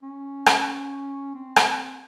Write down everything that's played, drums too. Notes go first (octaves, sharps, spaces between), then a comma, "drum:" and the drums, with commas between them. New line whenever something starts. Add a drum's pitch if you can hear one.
C#4
drum: rim click
C4
drum: rim click